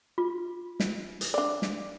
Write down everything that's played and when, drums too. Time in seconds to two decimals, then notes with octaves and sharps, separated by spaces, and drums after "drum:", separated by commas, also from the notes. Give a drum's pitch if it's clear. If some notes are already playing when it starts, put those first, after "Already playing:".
0.18 F4
0.80 drum: snare
1.21 drum: hi-hat
1.34 D4 D5
1.62 drum: snare